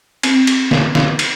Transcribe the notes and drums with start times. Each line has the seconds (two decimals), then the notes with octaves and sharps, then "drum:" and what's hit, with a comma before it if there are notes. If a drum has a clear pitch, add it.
0.23 C4, drum: cymbal
0.47 drum: cymbal
0.71 drum: snare
0.95 drum: snare
1.19 drum: cymbal